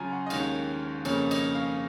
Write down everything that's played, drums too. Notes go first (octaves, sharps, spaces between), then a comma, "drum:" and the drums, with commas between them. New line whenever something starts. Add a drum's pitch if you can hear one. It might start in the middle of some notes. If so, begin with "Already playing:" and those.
Already playing: C#3 F#3 C#4 F4 G#5 A#5
F#5
D#5
D#2 D#3 G#3 C#4 F5, drum: cymbal
F2 C#3 F3 A#3 C#4 C#5, drum: cymbal
D#5, drum: cymbal
F5